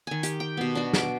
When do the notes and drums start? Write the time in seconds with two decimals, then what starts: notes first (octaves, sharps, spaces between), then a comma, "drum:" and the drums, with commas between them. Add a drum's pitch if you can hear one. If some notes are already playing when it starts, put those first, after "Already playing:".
0.07 D#3 G#5
0.23 G4, drum: hi-hat
0.40 G5
0.57 B2 B3
0.75 D4 F#4
0.93 D6, drum: snare